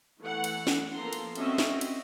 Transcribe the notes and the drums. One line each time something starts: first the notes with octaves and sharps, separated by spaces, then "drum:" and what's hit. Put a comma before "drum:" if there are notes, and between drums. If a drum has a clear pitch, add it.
E3 A3 F#5
drum: cymbal
drum: snare
F3 A#3 B3 A4 A#5 C6
drum: cymbal
C4 C#4 F#4 D#5 E5, drum: cymbal
drum: snare
drum: cymbal